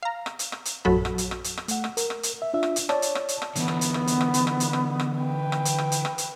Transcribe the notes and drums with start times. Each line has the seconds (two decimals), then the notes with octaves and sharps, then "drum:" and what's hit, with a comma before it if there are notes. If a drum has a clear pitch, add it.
0.03 F5 A#5
0.26 drum: rim click
0.39 drum: hi-hat
0.52 drum: rim click
0.65 drum: hi-hat
0.85 A#1 F#2 F#3 F#4 A4 B5
1.05 drum: rim click
1.18 drum: hi-hat
1.31 drum: rim click
1.44 drum: hi-hat
1.57 drum: rim click
1.68 A3 F#5, drum: hi-hat
1.84 drum: rim click
1.97 A#4, drum: hi-hat
2.10 drum: rim click
2.23 drum: hi-hat
2.42 E5
2.54 D4 F4 E5
2.63 drum: rim click
2.76 drum: hi-hat
2.89 C#5 D5 A5, drum: rim click
3.02 drum: hi-hat
3.15 drum: rim click
3.29 drum: hi-hat
3.42 drum: rim click
3.56 D3 E3 B3, drum: hi-hat
3.68 drum: rim click
3.81 drum: hi-hat
3.94 drum: rim click
4.07 drum: hi-hat
4.21 drum: rim click
4.34 drum: hi-hat
4.47 drum: rim click
4.60 drum: hi-hat
4.73 drum: rim click
5.00 drum: rim click
5.20 B4 G5
5.52 drum: rim click
5.65 drum: hi-hat
5.78 drum: rim click
5.92 drum: hi-hat
6.05 drum: rim click
6.18 drum: hi-hat